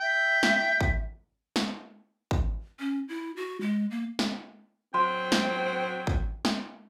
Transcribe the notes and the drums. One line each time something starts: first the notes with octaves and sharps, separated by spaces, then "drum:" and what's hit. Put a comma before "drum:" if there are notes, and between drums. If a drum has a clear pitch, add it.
E5 G5
drum: snare
drum: kick
drum: snare
drum: kick
C#4
E4
F#4
G#3
A#3
drum: snare
F#3 C4 G5 C6
drum: snare
drum: kick
drum: snare